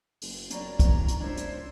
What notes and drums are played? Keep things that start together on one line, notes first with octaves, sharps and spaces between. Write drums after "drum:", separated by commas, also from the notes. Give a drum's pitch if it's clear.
F#1, drum: open hi-hat
F#1 A#2 G3 C#4 D4 A#5, drum: hi-hat
drum: kick, hi-hat
drum: hi-hat
C#2 D4 E4 A#4 C5 C#5 E5
drum: hi-hat